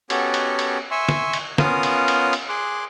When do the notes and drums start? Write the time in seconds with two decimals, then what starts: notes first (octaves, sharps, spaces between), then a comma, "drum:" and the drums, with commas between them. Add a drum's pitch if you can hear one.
0.10 B3 C#4 F#4 G4 A4 C#5, drum: cymbal
0.34 drum: cymbal
0.59 drum: cymbal
0.91 E5 G#5 C6 C#6 E6
1.09 drum: snare
1.33 drum: cymbal
1.58 B3 C#4 F4 A#4 F5 D#6, drum: snare
1.83 drum: cymbal
2.08 drum: cymbal
2.33 drum: cymbal
2.49 G#4 C6 D6 F#6